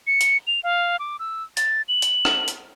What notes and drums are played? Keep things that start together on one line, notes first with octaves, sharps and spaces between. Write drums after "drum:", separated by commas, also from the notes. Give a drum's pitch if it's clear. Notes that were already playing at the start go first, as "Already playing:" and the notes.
C#7
drum: hi-hat
F7
F5
D6
E6
A6, drum: hi-hat
F#7
drum: hi-hat
drum: rim click
drum: hi-hat